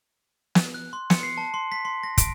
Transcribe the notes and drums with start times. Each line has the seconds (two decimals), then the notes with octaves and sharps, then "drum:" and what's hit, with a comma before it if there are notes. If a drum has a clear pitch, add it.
0.55 drum: snare
0.74 F#6
0.93 C6
1.10 C#7, drum: snare
1.23 C7
1.37 A5
1.54 C6
1.72 B6
1.85 C6
2.03 A#6
2.18 D7, drum: kick, hi-hat